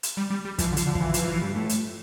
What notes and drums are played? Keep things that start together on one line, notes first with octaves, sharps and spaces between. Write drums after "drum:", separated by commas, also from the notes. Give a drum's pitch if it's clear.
drum: hi-hat
G3
G3
G3
E3 F3, drum: kick, hi-hat
D3
F3, drum: hi-hat
D3
F3, drum: kick
E3
F3, drum: hi-hat
F3
G2 G3
A2 A3
drum: hi-hat